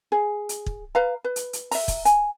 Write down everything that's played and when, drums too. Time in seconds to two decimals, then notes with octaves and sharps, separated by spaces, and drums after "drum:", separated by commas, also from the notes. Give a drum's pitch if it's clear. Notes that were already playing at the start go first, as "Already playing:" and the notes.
0.12 G#4
0.49 drum: hi-hat
0.66 drum: kick
0.95 B4 F5 A#5
1.24 B4
1.36 drum: hi-hat
1.53 drum: hi-hat
1.71 E5 A#5, drum: open hi-hat
1.88 drum: kick, hi-hat
2.05 G#5, drum: hi-hat